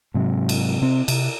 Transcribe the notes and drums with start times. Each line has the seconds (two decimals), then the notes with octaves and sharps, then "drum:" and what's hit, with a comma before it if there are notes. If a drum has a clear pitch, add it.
0.14 G#2 C3 F#3
0.49 drum: cymbal
0.82 C3 C4
1.08 C3, drum: cymbal